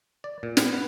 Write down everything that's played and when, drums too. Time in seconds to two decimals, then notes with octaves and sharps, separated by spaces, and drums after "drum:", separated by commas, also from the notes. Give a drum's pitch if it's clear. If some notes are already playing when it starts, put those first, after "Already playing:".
0.24 D5
0.43 A#2
0.57 B3, drum: snare
0.74 B4